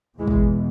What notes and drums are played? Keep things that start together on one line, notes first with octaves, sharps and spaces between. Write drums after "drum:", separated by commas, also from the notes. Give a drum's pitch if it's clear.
E2 B2 E3 G#3
drum: kick